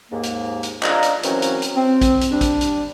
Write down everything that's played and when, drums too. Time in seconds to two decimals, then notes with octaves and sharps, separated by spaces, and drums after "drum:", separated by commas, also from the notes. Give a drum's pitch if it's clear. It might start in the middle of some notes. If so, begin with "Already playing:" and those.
0.11 D#2 G#2 A#3
0.23 drum: hi-hat
0.63 drum: hi-hat
0.83 F3 D4 D#5 F5 A#5, drum: clap
1.02 drum: hi-hat
1.23 E3 F#3 A#3 C4 C#4 F#4, drum: hi-hat
1.42 drum: hi-hat
1.62 drum: hi-hat
1.76 C4
2.01 drum: kick, hi-hat
2.21 drum: hi-hat
2.31 G3 D4
2.41 drum: kick, hi-hat
2.61 drum: hi-hat